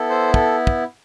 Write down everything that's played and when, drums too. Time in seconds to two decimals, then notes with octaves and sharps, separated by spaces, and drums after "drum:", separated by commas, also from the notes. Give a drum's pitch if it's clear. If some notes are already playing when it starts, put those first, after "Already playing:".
Already playing: B3 E4 A4
0.10 C5
0.34 A4, drum: kick
0.67 drum: kick